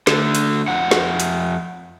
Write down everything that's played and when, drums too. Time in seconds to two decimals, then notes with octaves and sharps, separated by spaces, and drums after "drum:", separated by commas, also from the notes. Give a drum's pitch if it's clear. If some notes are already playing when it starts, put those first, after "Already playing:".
0.07 D3 A3, drum: snare
0.35 drum: hi-hat
0.68 F2 F#5
0.91 drum: snare
1.20 drum: hi-hat